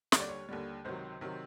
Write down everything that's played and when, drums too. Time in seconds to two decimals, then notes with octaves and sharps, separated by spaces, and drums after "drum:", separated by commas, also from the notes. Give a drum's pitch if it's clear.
0.12 D#2 D3 G3 C#5, drum: snare
0.20 D5
0.29 C#5
0.49 D#2 D3 G3
0.85 C#2 C3 D#3 F#3 C5
1.21 C3 D#3 F#3